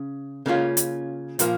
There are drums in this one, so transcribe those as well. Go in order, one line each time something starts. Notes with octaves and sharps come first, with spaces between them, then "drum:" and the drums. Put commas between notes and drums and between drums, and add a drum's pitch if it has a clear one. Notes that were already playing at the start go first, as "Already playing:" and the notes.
Already playing: C#3
C#3 A#3 C#4 F4
drum: hi-hat
A#2 F3 A#3, drum: hi-hat